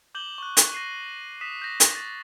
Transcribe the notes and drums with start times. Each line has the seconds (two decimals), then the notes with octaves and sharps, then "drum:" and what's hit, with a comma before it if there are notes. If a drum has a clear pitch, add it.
0.15 D6 G6 F#7 G7
0.38 C#6 F#6
0.57 drum: hi-hat
0.72 A#6 C7 D#7
1.41 D#6 B6 E7
1.62 G6 A#6
1.80 drum: hi-hat
1.95 A6